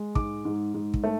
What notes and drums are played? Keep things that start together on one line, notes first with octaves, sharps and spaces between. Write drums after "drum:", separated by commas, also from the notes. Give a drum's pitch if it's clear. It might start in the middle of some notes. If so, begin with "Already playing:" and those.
Already playing: G#3
G#2 D6, drum: kick
G#2
G#2
drum: kick
A3